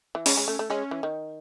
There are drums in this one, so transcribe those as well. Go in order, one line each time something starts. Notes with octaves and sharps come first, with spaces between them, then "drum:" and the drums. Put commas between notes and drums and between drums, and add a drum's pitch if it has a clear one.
E3
G#3 C#4, drum: open hi-hat
G#3
A3
A3
G#3 C#4
E3
D#3